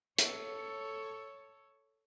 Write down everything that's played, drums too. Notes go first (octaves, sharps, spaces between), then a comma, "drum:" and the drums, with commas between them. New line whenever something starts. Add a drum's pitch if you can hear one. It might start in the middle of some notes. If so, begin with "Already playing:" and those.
A4 C#5, drum: hi-hat